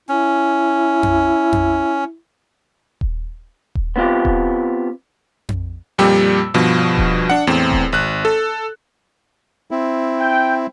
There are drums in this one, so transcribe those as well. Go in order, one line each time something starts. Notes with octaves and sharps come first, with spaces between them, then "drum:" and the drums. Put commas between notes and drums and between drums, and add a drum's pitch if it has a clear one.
C#4 E4
drum: tom F2
drum: tom F2
drum: kick D#1
drum: kick D#1
B3 C4 F4 G4
drum: kick D#1
drum: tom F2
F2 A#2 G3 G4 E6
G2 B2 F3
drum: kick D#1
D4 F#5
E2 A2 C4
drum: kick D#1
G#1 F#6
A4
C4 E4
G5